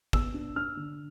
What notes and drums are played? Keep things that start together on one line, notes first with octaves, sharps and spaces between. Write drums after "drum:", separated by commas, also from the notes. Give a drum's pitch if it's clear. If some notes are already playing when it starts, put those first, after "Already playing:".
B3 E6, drum: kick
D4
D4 F6
D3